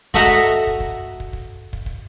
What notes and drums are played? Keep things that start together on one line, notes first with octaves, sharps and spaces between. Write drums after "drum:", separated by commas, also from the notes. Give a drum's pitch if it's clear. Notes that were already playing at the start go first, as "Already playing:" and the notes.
F#4 A4 D#5 E5 F#5 A#5, drum: kick
drum: kick
drum: kick
drum: kick
drum: kick
drum: kick
drum: kick
drum: kick